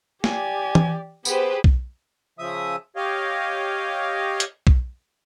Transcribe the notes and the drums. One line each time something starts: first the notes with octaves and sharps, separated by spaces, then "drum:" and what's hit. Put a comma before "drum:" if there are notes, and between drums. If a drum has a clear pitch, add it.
G4 D5 G#5, drum: snare
drum: tom
B3 G4 G#4 B4 C5, drum: tambourine
drum: kick B1
C#3 F3 E5 D#6
G4 C#5 D#5 F5
drum: hi-hat
drum: kick B1